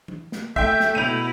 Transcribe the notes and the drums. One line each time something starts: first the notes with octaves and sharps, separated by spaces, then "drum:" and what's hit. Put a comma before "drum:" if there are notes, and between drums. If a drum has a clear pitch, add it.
drum: tom F#3
drum: snare
A3 E5 G5 G6, drum: kick
drum: snare
B2 E4 D#7 F7